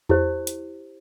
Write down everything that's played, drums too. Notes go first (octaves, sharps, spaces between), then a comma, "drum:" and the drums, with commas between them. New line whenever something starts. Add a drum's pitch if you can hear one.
E4 G4 C5, drum: tom E2
drum: hi-hat